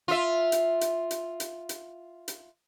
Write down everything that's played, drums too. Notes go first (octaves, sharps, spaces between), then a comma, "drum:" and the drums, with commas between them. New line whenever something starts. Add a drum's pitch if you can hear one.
F4 E5
drum: hi-hat
drum: hi-hat
drum: hi-hat
drum: hi-hat
drum: hi-hat
drum: hi-hat